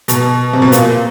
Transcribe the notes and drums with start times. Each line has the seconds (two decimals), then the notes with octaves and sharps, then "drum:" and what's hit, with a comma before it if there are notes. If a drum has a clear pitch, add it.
0.08 B2, drum: hi-hat
0.53 C3
0.62 B2
0.72 A#2, drum: hi-hat